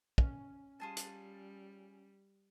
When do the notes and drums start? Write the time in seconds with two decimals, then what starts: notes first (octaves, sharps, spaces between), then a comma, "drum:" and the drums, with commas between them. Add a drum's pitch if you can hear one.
0.18 C#4, drum: kick
0.80 G3 F4 G#4 A5
0.97 drum: hi-hat